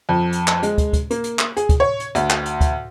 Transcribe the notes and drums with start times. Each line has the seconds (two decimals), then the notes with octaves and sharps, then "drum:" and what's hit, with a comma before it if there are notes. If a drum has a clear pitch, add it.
0.09 F2
0.32 drum: hi-hat
0.48 drum: clap
0.63 G#3, drum: hi-hat
0.78 drum: kick, hi-hat
0.93 drum: kick, hi-hat
1.10 A#3, drum: hi-hat
1.24 drum: hi-hat
1.39 drum: clap
1.57 G#4, drum: hi-hat
1.69 drum: kick, hi-hat
1.80 C#5
2.00 drum: hi-hat
2.15 D2, drum: hi-hat
2.30 drum: clap
2.45 drum: hi-hat
2.61 drum: kick, hi-hat